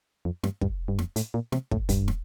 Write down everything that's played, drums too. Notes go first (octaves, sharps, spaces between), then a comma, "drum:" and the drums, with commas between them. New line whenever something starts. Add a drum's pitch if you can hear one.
F2
G2, drum: snare
G2, drum: kick
G2
F2, drum: snare
A2, drum: hi-hat
A#2
C3, drum: snare
A2, drum: kick
G2, drum: kick, hi-hat
drum: snare